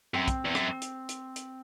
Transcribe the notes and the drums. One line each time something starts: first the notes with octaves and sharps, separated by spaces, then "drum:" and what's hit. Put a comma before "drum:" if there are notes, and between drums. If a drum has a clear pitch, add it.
F#2 C4
drum: kick, hi-hat
E2
F#2, drum: rim click
drum: hi-hat
drum: hi-hat
drum: hi-hat